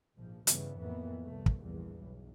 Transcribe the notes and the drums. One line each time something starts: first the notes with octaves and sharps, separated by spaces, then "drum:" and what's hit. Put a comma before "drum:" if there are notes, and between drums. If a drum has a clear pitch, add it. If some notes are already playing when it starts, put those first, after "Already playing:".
A#1 G#2 F3
G2 C#3 E3 B3, drum: hi-hat
F2 A2 E3 A#3 B3
C2 A3
drum: kick
A#1 E2 G2 E3
B1